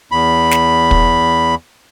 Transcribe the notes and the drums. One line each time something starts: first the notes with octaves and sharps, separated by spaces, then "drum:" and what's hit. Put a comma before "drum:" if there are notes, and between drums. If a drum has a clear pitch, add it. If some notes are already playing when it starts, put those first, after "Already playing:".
E2 B5
drum: snare
drum: kick